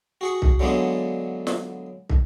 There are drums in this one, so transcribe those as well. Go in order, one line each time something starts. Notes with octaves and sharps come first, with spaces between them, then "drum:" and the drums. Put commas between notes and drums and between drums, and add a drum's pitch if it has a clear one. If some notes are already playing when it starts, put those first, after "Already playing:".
F#4 G#4 C#6
drum: kick
D3 F#3 G#3 A#3 B3 D4
drum: snare
drum: kick